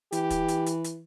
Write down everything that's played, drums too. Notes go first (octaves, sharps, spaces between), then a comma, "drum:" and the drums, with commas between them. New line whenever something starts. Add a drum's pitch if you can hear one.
E3 G4, drum: hi-hat
drum: kick, hi-hat
drum: hi-hat
drum: hi-hat
drum: hi-hat